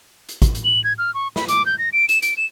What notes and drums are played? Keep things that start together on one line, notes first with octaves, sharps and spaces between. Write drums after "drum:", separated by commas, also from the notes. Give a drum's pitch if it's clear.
drum: hi-hat
drum: kick, hi-hat
drum: hi-hat
F#7
G#6
F6
C#6
B5, drum: snare
D6, drum: hi-hat
G6
A#6
D7
E7, drum: hi-hat
D7, drum: hi-hat
E7